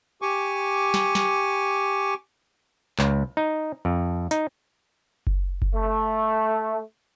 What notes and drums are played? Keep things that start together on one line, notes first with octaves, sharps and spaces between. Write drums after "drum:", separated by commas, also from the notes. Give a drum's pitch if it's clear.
G4 G#5 C#6 D6
drum: snare
drum: snare
C#2, drum: clap
D#4
F2
D#4, drum: hi-hat
drum: kick F#1
drum: kick F#1
A3